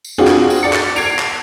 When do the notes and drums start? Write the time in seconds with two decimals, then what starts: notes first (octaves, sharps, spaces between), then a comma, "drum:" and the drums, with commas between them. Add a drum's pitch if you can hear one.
0.04 drum: tambourine
0.18 C4 D4 F4 F#4 G#4
0.27 drum: clap
0.50 drum: tambourine
0.63 D5 A6 C#7
0.73 drum: clap
0.96 G#6 C7 D7 F7, drum: tambourine
1.19 drum: clap